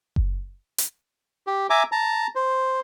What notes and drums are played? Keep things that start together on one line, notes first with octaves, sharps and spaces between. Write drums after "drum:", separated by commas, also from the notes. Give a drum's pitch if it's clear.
drum: kick F#1
drum: hi-hat
G4
E5 G#5 A#5 D6
A5 A#5
C5